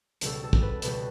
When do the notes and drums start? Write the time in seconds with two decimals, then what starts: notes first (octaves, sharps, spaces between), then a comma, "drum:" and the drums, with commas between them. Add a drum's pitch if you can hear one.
0.21 C#2 B2 G3 A4, drum: hi-hat
0.43 A4
0.53 drum: kick
0.62 B4
0.82 C#2 B2 G3 B4, drum: hi-hat